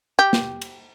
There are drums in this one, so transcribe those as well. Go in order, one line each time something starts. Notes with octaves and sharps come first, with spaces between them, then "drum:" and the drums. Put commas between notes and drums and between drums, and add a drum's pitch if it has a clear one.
G4
drum: snare
drum: cymbal